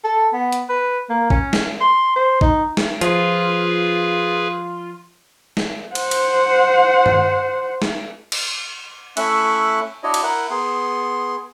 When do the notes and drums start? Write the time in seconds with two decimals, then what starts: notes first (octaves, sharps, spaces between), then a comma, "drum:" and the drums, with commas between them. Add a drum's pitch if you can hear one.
0.04 A4
0.33 B3
0.52 drum: hi-hat
0.69 B4
1.10 A#3
1.30 C#4, drum: kick A1
1.53 drum: snare
1.81 C6
2.16 C5
2.41 D#4, drum: kick A1
2.77 drum: snare
3.01 F3 F4 G#4 B4, drum: hi-hat
5.57 drum: snare
5.95 C5 F#5, drum: cymbal
6.11 drum: cymbal
7.06 drum: tom G2
7.82 drum: snare
8.32 drum: cymbal
9.17 A3 C#4 E4 E5 C#6 F#6, drum: cymbal
10.03 D4 E4 F#4 C#5 D#5
10.14 drum: cymbal
10.23 E4 A#4 F#5
10.50 B3 G#4 C6